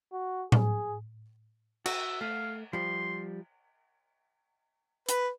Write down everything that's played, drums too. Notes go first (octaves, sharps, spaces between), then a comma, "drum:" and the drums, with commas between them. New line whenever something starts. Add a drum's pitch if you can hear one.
F#4
G#4, drum: tom A2
F#4 E5, drum: cymbal
A3 F5
F3 G3 C6
B4, drum: hi-hat